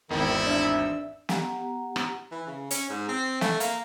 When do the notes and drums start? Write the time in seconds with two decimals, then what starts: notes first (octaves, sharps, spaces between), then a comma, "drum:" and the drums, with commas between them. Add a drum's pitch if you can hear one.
0.10 G#1 E2 D#3 E4
0.47 D4 E5 E6
1.29 B3 G4 F#5 A#5, drum: snare
1.96 drum: rim click
2.31 E3
2.47 C#3
2.71 C#4, drum: hi-hat
2.90 G#2
3.09 C4
3.41 A3, drum: snare
3.60 A#3, drum: hi-hat